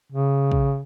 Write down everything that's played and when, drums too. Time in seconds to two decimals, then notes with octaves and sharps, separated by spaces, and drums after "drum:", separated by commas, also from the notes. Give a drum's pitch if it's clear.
0.12 C#3
0.52 drum: kick